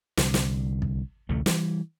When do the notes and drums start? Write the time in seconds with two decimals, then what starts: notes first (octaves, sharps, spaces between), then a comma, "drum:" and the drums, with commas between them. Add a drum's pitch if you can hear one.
0.17 C2 D3, drum: snare
0.34 drum: snare
0.82 drum: kick
1.29 A1 D2 C3 A3
1.46 E3 G3, drum: snare